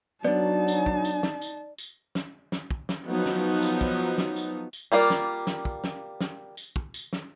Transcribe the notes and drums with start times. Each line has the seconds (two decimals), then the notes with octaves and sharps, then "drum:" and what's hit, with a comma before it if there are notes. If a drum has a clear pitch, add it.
0.24 F#3 B3 D4 D#4 D5 A5
0.68 drum: tambourine
0.86 drum: kick
1.05 drum: tambourine
1.23 drum: snare
1.42 drum: tambourine
1.78 drum: tambourine
2.15 drum: snare
2.52 drum: snare
2.71 drum: kick
2.89 drum: snare
3.07 F3 F#3 B3 D#4
3.26 drum: snare
3.63 drum: tambourine
3.81 drum: kick
4.18 drum: snare
4.36 drum: tambourine
4.73 drum: tambourine
4.92 G3 A#3 F4 D5
5.10 drum: snare
5.47 drum: snare
5.65 drum: kick
5.84 drum: snare
6.21 drum: snare
6.57 drum: tambourine
6.76 drum: kick
6.94 drum: tambourine
7.13 drum: snare